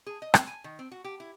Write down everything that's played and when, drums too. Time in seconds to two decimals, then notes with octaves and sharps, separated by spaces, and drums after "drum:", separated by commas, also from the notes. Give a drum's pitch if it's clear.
0.06 G#4
0.22 D#5
0.34 C4, drum: rim click
0.47 G#5
0.64 D#3
0.79 C4
0.92 F#4
1.04 G4
1.20 E4